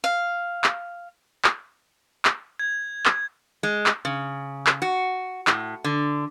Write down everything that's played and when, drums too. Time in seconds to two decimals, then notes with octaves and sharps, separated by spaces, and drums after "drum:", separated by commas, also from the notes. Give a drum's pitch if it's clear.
0.04 F5
0.64 drum: clap
1.44 drum: clap
2.25 drum: clap
2.59 G#6
3.05 drum: clap
3.63 G#3
3.86 drum: clap
4.05 C#3
4.67 drum: clap
4.82 F#4
5.47 A2, drum: clap
5.84 D3